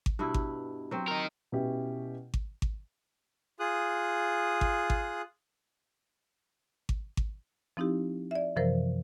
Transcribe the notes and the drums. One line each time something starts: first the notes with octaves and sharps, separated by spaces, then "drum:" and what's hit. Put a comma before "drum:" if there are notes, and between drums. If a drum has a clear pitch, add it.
drum: kick G#1
G2 B2 E4
drum: kick G#1
F#3 C4
D#4 A#4
B2 C#4 E4 G4
drum: kick G#1
drum: kick G#1
F4 G#4 D#6 F#6
drum: kick G#1
drum: kick G#1
drum: kick G#1
drum: kick G#1
F3 C4 D#4 E4 G4
D5 E5
F#2 C3 E3 F3 A#4 C5